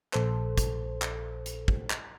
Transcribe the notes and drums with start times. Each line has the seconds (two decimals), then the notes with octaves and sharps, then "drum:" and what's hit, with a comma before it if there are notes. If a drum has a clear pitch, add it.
0.13 A#1 A4 C5, drum: clap
0.58 drum: kick, hi-hat
1.02 drum: clap
1.46 drum: hi-hat
1.68 drum: kick
1.90 drum: clap